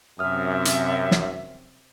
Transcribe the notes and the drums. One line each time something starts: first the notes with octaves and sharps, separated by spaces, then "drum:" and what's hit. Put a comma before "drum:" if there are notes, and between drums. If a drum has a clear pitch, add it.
F#2 C3 C4 E5 D#6 F6
drum: hi-hat
drum: snare